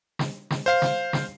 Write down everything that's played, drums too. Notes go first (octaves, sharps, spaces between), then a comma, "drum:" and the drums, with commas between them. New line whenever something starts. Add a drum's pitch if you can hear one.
drum: snare
drum: snare
C5 F5 C7
drum: snare
drum: snare